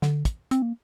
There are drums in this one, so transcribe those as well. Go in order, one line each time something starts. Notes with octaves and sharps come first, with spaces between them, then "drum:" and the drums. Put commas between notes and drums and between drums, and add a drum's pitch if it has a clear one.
D3, drum: snare
drum: kick, hi-hat
C4, drum: hi-hat
A#3